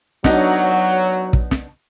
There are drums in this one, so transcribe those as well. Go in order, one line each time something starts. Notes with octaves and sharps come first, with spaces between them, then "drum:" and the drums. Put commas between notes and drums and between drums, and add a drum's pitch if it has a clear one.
F#3 B3 D4 D#4, drum: snare
drum: kick
drum: snare